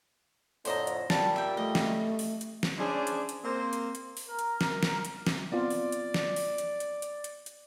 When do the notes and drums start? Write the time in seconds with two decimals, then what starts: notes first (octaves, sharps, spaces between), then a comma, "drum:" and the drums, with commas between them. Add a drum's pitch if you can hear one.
0.65 F2 A2 D3 C5 D#5 A#5, drum: open hi-hat
0.87 drum: hi-hat
1.10 A#2 G3 A5, drum: snare
1.36 E5 G5
1.57 A3 D#5
1.75 drum: snare
2.19 drum: open hi-hat
2.41 drum: hi-hat
2.63 drum: snare
2.79 C#4 D4 E4 G#4 C5 D5
3.07 drum: hi-hat
3.29 drum: hi-hat
3.44 A#3 C4 C5
3.73 drum: hi-hat
3.95 drum: hi-hat
4.17 drum: open hi-hat
4.28 A#4
4.39 drum: hi-hat
4.61 drum: snare
4.83 drum: snare
5.05 drum: hi-hat
5.27 drum: snare
5.52 B3 C4 F4 D5
5.70 drum: open hi-hat
5.92 drum: hi-hat
6.14 drum: snare
6.36 drum: open hi-hat
6.58 drum: hi-hat
6.80 drum: hi-hat
7.02 drum: hi-hat
7.24 drum: hi-hat
7.46 drum: hi-hat